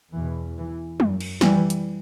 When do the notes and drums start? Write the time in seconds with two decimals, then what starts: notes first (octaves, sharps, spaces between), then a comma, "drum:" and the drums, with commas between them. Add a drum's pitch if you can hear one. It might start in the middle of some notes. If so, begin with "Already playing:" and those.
0.14 E2 B2 E3
0.58 E3
1.00 F#2, drum: tom
1.20 drum: cymbal
1.41 E3 G3, drum: snare
1.70 drum: hi-hat